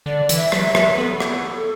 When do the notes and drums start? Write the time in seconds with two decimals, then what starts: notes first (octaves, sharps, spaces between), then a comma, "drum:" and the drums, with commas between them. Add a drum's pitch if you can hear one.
0.06 D3 D5
0.29 E3, drum: hi-hat
0.37 E5
0.52 F#3, drum: rim click
0.67 E5
0.75 F#3, drum: rim click
0.93 B4
0.98 B3 A4
1.20 drum: rim click